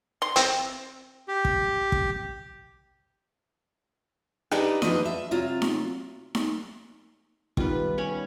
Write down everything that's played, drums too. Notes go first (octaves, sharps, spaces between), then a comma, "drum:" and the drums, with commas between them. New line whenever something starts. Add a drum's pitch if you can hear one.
C6
C4, drum: hi-hat
G4
drum: kick
drum: kick
D4 D#4 G4 B4, drum: rim click
F3 D4 F#4 B4 D#5, drum: snare D#4
E5
C3 F#3 F4
drum: snare D#4
drum: snare D#4
D#3 G3 B3 F4 B4, drum: kick
C#4 C#5 B5